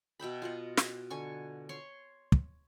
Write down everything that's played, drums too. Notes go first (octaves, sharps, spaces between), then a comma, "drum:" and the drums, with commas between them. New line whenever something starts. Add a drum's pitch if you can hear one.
B2 E5 G5 B5
F4 D#5 F#5
drum: snare
D3 G#5 C#6
C#5 C6 C#6
drum: kick